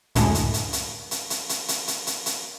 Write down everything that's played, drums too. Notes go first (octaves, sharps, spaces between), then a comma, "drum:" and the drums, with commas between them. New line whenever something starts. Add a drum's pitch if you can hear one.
C#2 F#2 A2 D3 G#3, drum: hi-hat
drum: hi-hat
drum: hi-hat
drum: hi-hat
drum: hi-hat
drum: hi-hat
drum: hi-hat
drum: hi-hat
drum: hi-hat
drum: hi-hat
drum: hi-hat